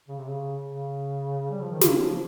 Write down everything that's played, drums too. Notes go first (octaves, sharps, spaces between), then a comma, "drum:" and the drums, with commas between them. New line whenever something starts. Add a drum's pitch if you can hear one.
C#3
C3
C#3
C#3
G3
F3
D#3
C#3, drum: snare
F3